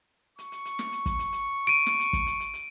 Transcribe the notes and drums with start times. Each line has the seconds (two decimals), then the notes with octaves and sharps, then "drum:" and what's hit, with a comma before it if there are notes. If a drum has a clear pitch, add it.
0.38 C#6, drum: hi-hat
0.52 drum: hi-hat
0.65 drum: hi-hat
0.79 drum: snare
0.92 drum: hi-hat
1.06 drum: kick, hi-hat
1.19 drum: hi-hat
1.33 drum: hi-hat
1.67 D7 D#7
1.86 drum: snare
2.00 drum: hi-hat
2.13 drum: kick, hi-hat
2.27 drum: hi-hat
2.40 drum: hi-hat
2.54 drum: hi-hat